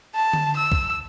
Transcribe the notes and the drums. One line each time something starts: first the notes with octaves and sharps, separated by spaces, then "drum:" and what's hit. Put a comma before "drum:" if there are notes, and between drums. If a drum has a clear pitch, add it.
A5
drum: tom D3
E6
drum: kick B1